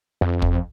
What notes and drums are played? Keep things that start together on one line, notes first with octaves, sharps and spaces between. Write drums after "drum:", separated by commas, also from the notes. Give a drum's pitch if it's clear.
F2
drum: kick